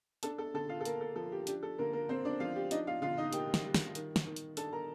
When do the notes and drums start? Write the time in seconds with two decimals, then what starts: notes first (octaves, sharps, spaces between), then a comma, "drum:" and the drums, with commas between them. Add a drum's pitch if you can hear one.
0.23 D4 A4 A5, drum: hi-hat
0.38 A4 A5
0.54 D3 A4 A5
0.69 F4 F5
0.81 A4
0.85 A#3 A#4, drum: hi-hat
1.01 A4
1.16 F3 A4
1.32 G4
1.47 D4 G4, drum: hi-hat
1.63 A4
1.78 D3 A#3 A#4
1.93 A#3 A#4
2.09 A#3 C4 C5
2.25 D4 D5
2.40 F3 F4 F5
2.56 G4
2.71 D4 D#4 D#5, drum: hi-hat
2.87 F4 F5
3.02 D3 F4 F5
3.17 D#4 D#5
3.33 A#3 G4 G5, drum: hi-hat
3.54 drum: snare
3.64 G3
3.74 drum: snare
3.95 D#3, drum: hi-hat
4.16 drum: snare
4.26 D#3
4.36 drum: hi-hat
4.57 D4 A4 A5, drum: hi-hat
4.72 A#4 A#5